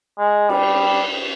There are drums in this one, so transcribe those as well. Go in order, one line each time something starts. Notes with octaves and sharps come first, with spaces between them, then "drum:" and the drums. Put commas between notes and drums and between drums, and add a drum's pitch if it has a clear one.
G#3
G3, drum: cymbal